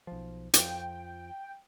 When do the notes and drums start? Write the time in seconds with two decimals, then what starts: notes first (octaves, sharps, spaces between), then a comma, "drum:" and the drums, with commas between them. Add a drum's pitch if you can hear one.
0.07 B1 F3
0.54 F2 F3 G5, drum: hi-hat